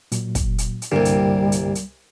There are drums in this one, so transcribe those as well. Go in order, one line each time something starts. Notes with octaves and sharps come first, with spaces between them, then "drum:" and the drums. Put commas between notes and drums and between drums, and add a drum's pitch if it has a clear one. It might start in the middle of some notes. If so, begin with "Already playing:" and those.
A#2 F#3, drum: hi-hat
drum: kick, hi-hat
drum: hi-hat
drum: hi-hat
C2 G2 A#2 D3 G3 G4
drum: hi-hat
drum: hi-hat
drum: hi-hat